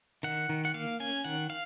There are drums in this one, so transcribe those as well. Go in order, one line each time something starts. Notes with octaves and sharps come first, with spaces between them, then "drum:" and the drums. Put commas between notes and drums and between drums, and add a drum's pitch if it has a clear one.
D#3 F#5, drum: hi-hat
D#3
F#5
A#3 F5
C#4 G#5
D#3 F#5, drum: hi-hat
F5